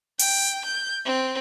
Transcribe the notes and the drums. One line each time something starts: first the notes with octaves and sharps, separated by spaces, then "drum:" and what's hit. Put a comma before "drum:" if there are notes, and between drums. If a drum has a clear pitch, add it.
G5, drum: open hi-hat
G6
C4